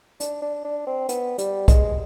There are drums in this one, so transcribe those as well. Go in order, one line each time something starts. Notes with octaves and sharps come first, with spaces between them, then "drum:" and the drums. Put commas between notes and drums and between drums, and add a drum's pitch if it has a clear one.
D4, drum: hi-hat
D4
D4
C4
B3, drum: hi-hat
G3, drum: hi-hat
G#3, drum: kick, hi-hat